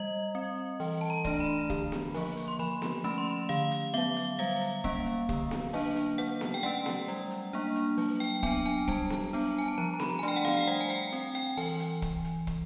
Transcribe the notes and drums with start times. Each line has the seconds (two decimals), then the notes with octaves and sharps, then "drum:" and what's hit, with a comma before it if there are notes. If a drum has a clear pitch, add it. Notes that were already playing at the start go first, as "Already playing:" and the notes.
Already playing: G3 D#5
0.35 C4
0.80 E3, drum: open hi-hat
1.01 A5
1.10 A#5
1.25 A3 D4, drum: kick, hi-hat
1.40 B5
1.70 D3, drum: kick, hi-hat
1.92 drum: snare B3
2.14 F3 A#3, drum: open hi-hat
2.37 drum: hi-hat
2.48 C6
2.59 F3 B5, drum: hi-hat
2.82 drum: snare B3
3.04 A3 C#4 B5, drum: hi-hat
3.18 C6
3.31 B5
3.49 D3 F5, drum: hi-hat
3.72 drum: hi-hat
3.94 F#3 B3 E5, drum: hi-hat
4.17 drum: hi-hat
4.39 G3 F5, drum: open hi-hat
4.61 drum: hi-hat
4.84 A#3 C#4, drum: kick, hi-hat
5.06 drum: hi-hat
5.29 D3, drum: kick, hi-hat
5.51 drum: snare B3
5.73 F#3 A#3 D4, drum: open hi-hat
5.96 drum: hi-hat
6.18 F#3 F#5, drum: hi-hat
6.41 drum: snare B3
6.54 G5
6.63 A3 C#4 F#5, drum: hi-hat
6.86 drum: snare B3
7.08 G3, drum: hi-hat
7.31 drum: hi-hat
7.53 A#3 D4, drum: hi-hat
7.76 drum: hi-hat
7.98 F#3, drum: open hi-hat
8.20 G5, drum: hi-hat
8.43 B3 D4 G#5, drum: kick, hi-hat
8.66 G#5, drum: hi-hat
8.88 G3 A5, drum: kick, hi-hat
9.10 drum: snare B3
9.33 B3 D4, drum: open hi-hat
9.59 G#5
9.68 A5
9.78 F3 A#5
9.94 A#5
10.00 B5, drum: snare B3
10.19 G#5
10.23 A3 D4 G5, drum: hi-hat
10.36 F#5
10.45 F5, drum: snare B3
10.57 G5
10.67 G3 F#5, drum: hi-hat
10.81 G#5
10.90 G5, drum: hi-hat
11.13 C4, drum: hi-hat
11.35 G5, drum: hi-hat
11.57 E3 G#5, drum: open hi-hat
11.80 drum: hi-hat
12.02 drum: kick, hi-hat
12.25 drum: hi-hat
12.47 drum: kick, hi-hat